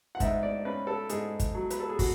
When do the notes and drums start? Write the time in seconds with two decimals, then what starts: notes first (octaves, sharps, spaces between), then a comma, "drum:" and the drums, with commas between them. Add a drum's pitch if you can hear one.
0.15 F#5
0.20 G#2 E5, drum: kick, hi-hat
0.43 D5
0.65 C#4 B4
0.87 A4
1.10 G#2 G#4, drum: hi-hat
1.40 drum: kick, hi-hat
1.55 F#3
1.70 B4, drum: hi-hat
1.80 A4
1.89 G#4
1.99 F#4, drum: kick, open hi-hat